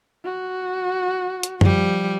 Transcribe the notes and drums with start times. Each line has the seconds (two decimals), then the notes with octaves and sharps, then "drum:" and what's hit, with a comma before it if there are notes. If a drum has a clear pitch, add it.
0.24 F#4
1.43 drum: hi-hat
1.61 F3 G3, drum: tom F#2